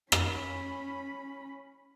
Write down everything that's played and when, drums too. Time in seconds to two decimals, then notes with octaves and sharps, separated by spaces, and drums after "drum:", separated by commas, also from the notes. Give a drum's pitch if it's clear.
0.12 C#4 B5, drum: rim click